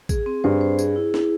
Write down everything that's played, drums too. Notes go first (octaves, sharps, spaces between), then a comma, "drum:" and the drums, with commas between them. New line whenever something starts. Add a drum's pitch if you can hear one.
G#4, drum: kick, tambourine
C4
G2 C5
C5
G#4, drum: tambourine
E4
E4, drum: snare